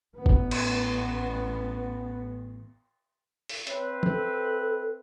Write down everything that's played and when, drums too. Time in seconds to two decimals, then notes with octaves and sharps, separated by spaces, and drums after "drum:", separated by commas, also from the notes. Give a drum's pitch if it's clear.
0.15 A1 B3
0.26 drum: kick G1
0.51 drum: cymbal
3.49 drum: open hi-hat
3.67 C4 B4 C#5 E5, drum: hi-hat
4.03 A4, drum: tom F3